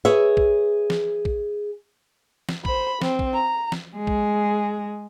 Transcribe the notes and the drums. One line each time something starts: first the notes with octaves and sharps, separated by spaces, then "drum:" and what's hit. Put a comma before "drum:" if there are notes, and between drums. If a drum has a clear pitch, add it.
G#4 B4 C#5 E5
drum: kick
drum: snare
drum: kick
drum: snare
C5 B5, drum: kick
C4, drum: snare
drum: kick
A#5
drum: snare
G#3 G#4
drum: kick